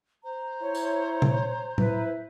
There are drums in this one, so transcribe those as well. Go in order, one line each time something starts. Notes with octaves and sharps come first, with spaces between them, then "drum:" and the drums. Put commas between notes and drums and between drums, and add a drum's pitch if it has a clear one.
C5 A#5
E4 C#5
drum: tambourine
drum: tom A#2
E4 B4, drum: tom A2